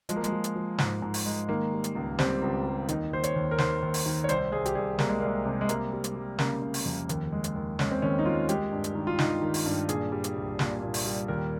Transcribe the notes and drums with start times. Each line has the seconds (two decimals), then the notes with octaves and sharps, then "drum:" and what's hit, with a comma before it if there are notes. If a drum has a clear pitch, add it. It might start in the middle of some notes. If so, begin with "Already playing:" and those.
0.09 F3 G#3, drum: hi-hat
0.16 A#3
0.24 G#3, drum: hi-hat
0.32 F3
0.44 drum: hi-hat
0.56 F3
0.78 G#2, drum: snare
1.02 G#2
1.14 drum: open hi-hat
1.25 G#3
1.49 D#3 A#3
1.72 G3
1.84 drum: hi-hat
1.95 C#2
2.19 G3 C4, drum: snare
2.42 C#2
2.66 G3
2.88 D#2 D#4, drum: hi-hat
3.12 D#2 C5
3.23 C#5, drum: hi-hat
3.35 D#2
3.51 A#4
3.58 D#3 C5, drum: snare
3.82 D#2
3.94 drum: open hi-hat
4.06 D#3
4.24 C#5
4.29 C2 C5, drum: hi-hat
4.52 C2 G#4
4.66 G4, drum: hi-hat
4.75 C2 G#4
4.99 C2 A#3, drum: snare
5.09 G#3
5.20 C2 A#3
5.45 C3
5.61 G#3
5.69 G3 A#3, drum: hi-hat
5.92 G3
6.04 drum: hi-hat
6.15 G3
6.39 C#3 A#3, drum: snare
6.62 C#3
6.74 drum: open hi-hat
6.85 F2
7.09 D#2, drum: hi-hat
7.32 G#3
7.44 drum: hi-hat
7.56 D#2
7.79 G#3 C#4, drum: snare
7.91 C4
8.02 D#2 C#4
8.19 D#4
8.25 G#3 F4
8.49 G#3 G4, drum: hi-hat
8.72 G2
8.84 drum: hi-hat
8.95 D#3
9.07 F4
9.19 G2 D#4, drum: snare
9.42 D#3
9.54 drum: open hi-hat
9.65 G2
9.89 A#2 G#4, drum: hi-hat
10.12 G3
10.24 drum: hi-hat
10.35 C2
10.59 A#2, drum: snare
10.82 A#2
10.94 drum: open hi-hat
11.05 G3
11.28 D#2 A#4